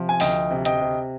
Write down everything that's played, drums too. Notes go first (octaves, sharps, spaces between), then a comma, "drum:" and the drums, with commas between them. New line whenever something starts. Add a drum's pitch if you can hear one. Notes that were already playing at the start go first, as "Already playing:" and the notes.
Already playing: C3 F3
G#5
D2 D#5 G5, drum: open hi-hat
C3
D#5 G5, drum: hi-hat
C3